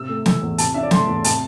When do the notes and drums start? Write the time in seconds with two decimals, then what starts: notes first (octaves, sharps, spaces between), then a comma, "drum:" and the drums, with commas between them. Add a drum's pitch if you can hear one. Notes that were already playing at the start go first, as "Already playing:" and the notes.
Already playing: C3 E6
0.09 A3
0.26 E3, drum: snare
0.42 E2
0.58 C3 A5, drum: hi-hat
0.74 D4 E5
0.83 D5
0.91 A3 C6, drum: snare
1.08 E2
1.24 C3 A5, drum: hi-hat